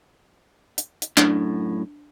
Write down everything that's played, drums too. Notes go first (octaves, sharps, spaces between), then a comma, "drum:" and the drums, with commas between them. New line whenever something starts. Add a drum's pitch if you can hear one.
drum: hi-hat
drum: hi-hat
F#2 A2 D4, drum: clap